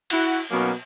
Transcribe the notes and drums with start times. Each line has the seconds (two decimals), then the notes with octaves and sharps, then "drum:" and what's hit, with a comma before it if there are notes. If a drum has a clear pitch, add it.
0.10 E4 F#4, drum: cymbal
0.51 B2 F#3 A#3 C#4 D#4